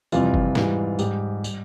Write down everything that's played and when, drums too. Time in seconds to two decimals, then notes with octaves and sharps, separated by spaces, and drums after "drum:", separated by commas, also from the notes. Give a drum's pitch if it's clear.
0.12 F2 C3 E3 G3 F4, drum: tambourine
0.34 drum: kick G1
0.55 G#2 E3 G3, drum: snare
0.99 G#2 G3 G4, drum: tambourine
1.44 G3, drum: tambourine